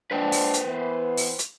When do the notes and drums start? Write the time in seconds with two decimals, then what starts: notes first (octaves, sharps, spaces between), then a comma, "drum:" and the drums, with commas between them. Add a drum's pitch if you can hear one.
0.11 F3 G#3 D4 B4 C5 G5
0.32 drum: open hi-hat
0.54 drum: hi-hat
0.67 E3 B3
1.17 drum: open hi-hat
1.39 drum: hi-hat